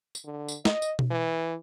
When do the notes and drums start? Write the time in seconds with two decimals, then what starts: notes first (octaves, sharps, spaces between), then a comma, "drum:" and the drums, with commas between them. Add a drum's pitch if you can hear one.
0.15 drum: tambourine
0.25 D3
0.49 drum: tambourine
0.65 D#5, drum: snare
0.82 drum: tambourine
0.99 drum: tom B2
1.11 E3